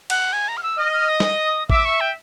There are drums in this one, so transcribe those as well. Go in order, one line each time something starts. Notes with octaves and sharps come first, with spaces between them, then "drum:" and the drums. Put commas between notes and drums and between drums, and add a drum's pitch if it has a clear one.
F#5, drum: cymbal
G#5
A#5
F6
E6
D#5 F6
F6
D#6
drum: snare
E5 D6, drum: kick A1
C#6
G5